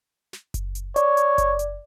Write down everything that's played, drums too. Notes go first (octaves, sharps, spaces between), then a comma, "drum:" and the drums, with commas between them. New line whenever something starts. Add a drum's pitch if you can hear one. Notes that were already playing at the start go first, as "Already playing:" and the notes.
drum: snare
drum: kick F#1, hi-hat
drum: hi-hat
C#5 D5, drum: hi-hat
drum: hi-hat
drum: kick F#1, hi-hat
drum: hi-hat